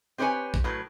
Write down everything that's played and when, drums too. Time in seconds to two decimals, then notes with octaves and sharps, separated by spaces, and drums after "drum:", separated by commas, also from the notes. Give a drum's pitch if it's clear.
0.18 C4 G4 B4 C#5 G#5
0.54 drum: kick A#1
0.64 A2 F#3 B4